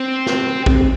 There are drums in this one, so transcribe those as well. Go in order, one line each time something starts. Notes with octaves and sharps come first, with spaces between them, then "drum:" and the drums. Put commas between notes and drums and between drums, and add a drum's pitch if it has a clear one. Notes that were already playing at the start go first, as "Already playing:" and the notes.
Already playing: C4
drum: snare
drum: kick